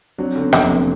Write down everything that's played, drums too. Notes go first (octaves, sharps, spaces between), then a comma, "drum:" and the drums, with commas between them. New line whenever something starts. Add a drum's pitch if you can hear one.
F#3 C4 D4
D3
B3 C#4
F1, drum: rim click
F1 A#3 C4